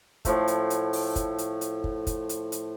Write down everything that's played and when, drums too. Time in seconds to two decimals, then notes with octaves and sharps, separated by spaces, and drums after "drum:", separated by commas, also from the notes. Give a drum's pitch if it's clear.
0.25 A2 F3 A3, drum: kick, hi-hat
0.48 drum: hi-hat
0.70 drum: hi-hat
0.93 drum: open hi-hat
1.16 drum: kick, hi-hat
1.38 drum: hi-hat
1.61 drum: hi-hat
1.84 drum: kick
2.07 drum: kick, hi-hat
2.29 drum: hi-hat
2.52 drum: hi-hat